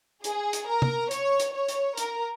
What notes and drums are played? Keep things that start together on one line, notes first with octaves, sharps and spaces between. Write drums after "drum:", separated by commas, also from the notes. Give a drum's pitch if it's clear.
G#4, drum: hi-hat
drum: hi-hat
A#4
drum: tom
C#5, drum: hi-hat
drum: hi-hat
C#5
drum: hi-hat
A#4, drum: hi-hat